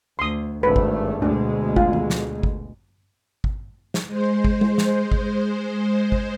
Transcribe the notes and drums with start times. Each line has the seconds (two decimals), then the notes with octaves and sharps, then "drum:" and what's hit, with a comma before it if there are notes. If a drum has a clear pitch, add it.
0.19 D2 C6 D#6
0.63 G#1 G2 A3 B4
0.76 drum: kick G#1
1.22 D2 B2 G#3 D4
1.76 F4, drum: kick G#1
1.93 drum: tom D#3
2.10 drum: snare
2.43 drum: kick G#1
3.44 drum: kick G#1
3.94 drum: snare
4.06 G#3 C5
4.44 drum: kick G#1
4.61 drum: tom G#3
4.78 drum: snare
5.12 drum: kick G#1
6.12 drum: kick G#1